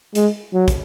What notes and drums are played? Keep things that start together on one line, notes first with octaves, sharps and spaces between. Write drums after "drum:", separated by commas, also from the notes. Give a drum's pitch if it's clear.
G#3, drum: hi-hat
F#3
drum: kick, hi-hat